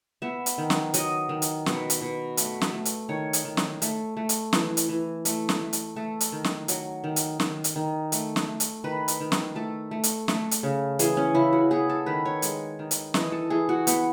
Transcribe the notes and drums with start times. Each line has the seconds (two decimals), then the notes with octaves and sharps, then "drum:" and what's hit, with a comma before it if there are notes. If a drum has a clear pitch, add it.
0.22 B3 E5
0.46 drum: hi-hat
0.58 D#3
0.70 drum: snare
0.94 F#3 D#5, drum: hi-hat
1.29 D#3
1.42 drum: hi-hat
1.66 B2, drum: snare
1.90 drum: hi-hat
2.02 B2
2.37 A3, drum: hi-hat
2.61 drum: snare
2.73 A3
2.85 drum: hi-hat
3.09 D#3 C#5
3.33 drum: hi-hat
3.45 D#3
3.57 drum: snare
3.82 A3, drum: hi-hat
4.17 A3
4.29 drum: hi-hat
4.53 E3, drum: snare
4.77 drum: hi-hat
4.89 E3
5.25 A3, drum: hi-hat
5.49 drum: snare
5.61 A3
5.73 drum: hi-hat
5.96 A3 A4
6.21 drum: hi-hat
6.32 D#3
6.44 drum: snare
6.68 F#3, drum: hi-hat
7.04 D#3
7.16 drum: hi-hat
7.40 D#3, drum: snare
7.64 drum: hi-hat
7.76 D#3
8.12 A3, drum: hi-hat
8.36 drum: snare
8.48 A3
8.60 drum: hi-hat
8.84 D#3 B4
9.08 drum: hi-hat
9.20 D#3
9.32 drum: snare
9.55 A3 A4
9.91 A3
10.03 drum: hi-hat
10.28 A3, drum: snare
10.51 drum: hi-hat
10.63 C#3
10.99 E3 G#4, drum: hi-hat
11.17 C#4
11.34 C#3 E4
11.53 F#4
11.71 B3 G#4
11.90 A4
12.06 D#3 B4
12.25 C#5
12.42 G#3, drum: hi-hat
12.79 D#3
12.91 drum: hi-hat
13.14 E3 D#5, drum: snare
13.32 A4
13.50 E3 G#4
13.69 F#4
13.87 B3, drum: hi-hat